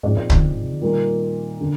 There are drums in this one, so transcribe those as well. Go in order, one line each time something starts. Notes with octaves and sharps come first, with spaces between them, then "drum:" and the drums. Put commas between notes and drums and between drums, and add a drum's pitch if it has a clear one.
G#2 F3 C4 D#4 G#4 D5
A#2
D#3, drum: kick C#1
D3
G#2
C3
D3
A#2 D#3 G3 A#3 D#4
D3
D#3
D3